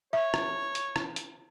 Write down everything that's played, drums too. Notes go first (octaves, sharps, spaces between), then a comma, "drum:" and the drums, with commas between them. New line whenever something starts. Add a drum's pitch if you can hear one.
C#5 E5
drum: rim click
drum: hi-hat
drum: rim click
drum: hi-hat